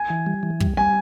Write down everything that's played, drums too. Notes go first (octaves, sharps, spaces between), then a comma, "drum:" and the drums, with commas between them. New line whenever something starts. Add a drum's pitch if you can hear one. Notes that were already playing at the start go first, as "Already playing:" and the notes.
Already playing: G#5
E3
G3
E3
G3, drum: kick
G3 G#5